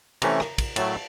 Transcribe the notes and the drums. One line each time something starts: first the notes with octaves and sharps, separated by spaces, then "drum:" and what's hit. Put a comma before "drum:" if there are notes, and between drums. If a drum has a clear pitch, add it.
C3 E3 A3 C#4 A#5, drum: cymbal
drum: rim click
drum: kick, cymbal
A2 F#3 A3 A5, drum: cymbal